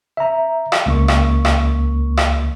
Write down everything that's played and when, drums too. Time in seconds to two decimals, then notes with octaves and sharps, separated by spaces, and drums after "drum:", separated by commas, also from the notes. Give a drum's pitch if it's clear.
0.17 E5 A#5
0.72 drum: rim click
0.86 C#2 A#3 C#6
1.08 drum: rim click
1.45 drum: rim click
2.17 drum: rim click